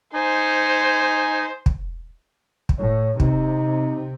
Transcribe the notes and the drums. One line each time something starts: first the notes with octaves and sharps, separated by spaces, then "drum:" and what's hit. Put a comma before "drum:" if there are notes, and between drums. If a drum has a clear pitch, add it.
D#4 C5 G#5
drum: kick
drum: kick
A2 C#5
C3 D#4, drum: kick